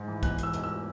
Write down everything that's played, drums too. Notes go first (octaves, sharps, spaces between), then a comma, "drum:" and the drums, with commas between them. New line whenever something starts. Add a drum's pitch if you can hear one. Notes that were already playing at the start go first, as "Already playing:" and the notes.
Already playing: G#2
E3
E1 F#6, drum: kick, hi-hat
E1 E6, drum: hi-hat
E1, drum: hi-hat
E6